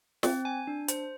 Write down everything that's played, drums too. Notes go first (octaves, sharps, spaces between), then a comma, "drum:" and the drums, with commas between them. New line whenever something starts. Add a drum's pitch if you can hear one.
C4, drum: snare
G#5
D4
C5, drum: hi-hat